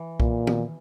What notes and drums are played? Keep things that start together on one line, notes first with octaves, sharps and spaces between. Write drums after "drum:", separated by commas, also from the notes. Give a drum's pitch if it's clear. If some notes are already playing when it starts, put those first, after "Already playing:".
Already playing: E3
A#2, drum: kick B1
drum: tom D#3